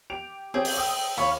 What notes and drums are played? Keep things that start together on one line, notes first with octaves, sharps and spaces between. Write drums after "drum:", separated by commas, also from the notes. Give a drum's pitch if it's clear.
G4 D7 F7
C4 C#4 G4 G#4
drum: open hi-hat
G5 D#6 E6
D#2 C#5 F5 B5